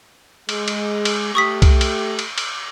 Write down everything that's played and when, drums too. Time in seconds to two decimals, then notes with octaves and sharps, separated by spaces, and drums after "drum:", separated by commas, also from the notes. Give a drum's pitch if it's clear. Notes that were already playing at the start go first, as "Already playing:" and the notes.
0.49 G#3, drum: cymbal
0.68 drum: cymbal
1.05 drum: cymbal
1.35 A3 G4 C#6 D#6 B6
1.62 drum: kick C2, cymbal
1.81 drum: cymbal
2.19 drum: cymbal
2.38 drum: cymbal